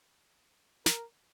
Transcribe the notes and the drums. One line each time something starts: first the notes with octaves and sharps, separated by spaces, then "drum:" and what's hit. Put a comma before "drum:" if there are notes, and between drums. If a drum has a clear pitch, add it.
A#4, drum: snare